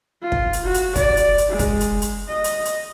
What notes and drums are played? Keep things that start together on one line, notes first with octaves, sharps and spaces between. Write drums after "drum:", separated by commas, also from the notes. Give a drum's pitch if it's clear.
F4
drum: kick
drum: hi-hat
F#4
drum: hi-hat
D5, drum: kick, hi-hat
drum: hi-hat
drum: hi-hat
G#3
drum: kick, hi-hat
drum: hi-hat
drum: hi-hat
D#5
drum: hi-hat
drum: hi-hat